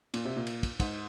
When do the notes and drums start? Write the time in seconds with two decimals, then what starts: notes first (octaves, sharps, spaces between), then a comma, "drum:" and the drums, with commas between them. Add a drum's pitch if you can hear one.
0.14 A#2, drum: cymbal
0.25 C3
0.36 A#2
0.47 drum: cymbal
0.63 drum: kick, cymbal
0.80 G#2, drum: kick, cymbal